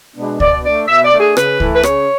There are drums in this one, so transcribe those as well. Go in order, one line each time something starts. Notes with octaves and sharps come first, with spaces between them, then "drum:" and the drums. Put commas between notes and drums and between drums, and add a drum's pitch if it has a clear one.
B2 G#3 B3 D4
B2 D5, drum: kick C#2
A3 D4 D5
B2 E5
D5
A3 D4
G#4
C#3 B4, drum: rim click
E3 A3, drum: kick C#2
B4
C#3 C#5, drum: rim click